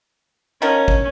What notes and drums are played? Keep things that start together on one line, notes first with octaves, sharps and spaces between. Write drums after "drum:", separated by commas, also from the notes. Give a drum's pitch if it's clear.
D#3 F3 C#4 A#4
drum: kick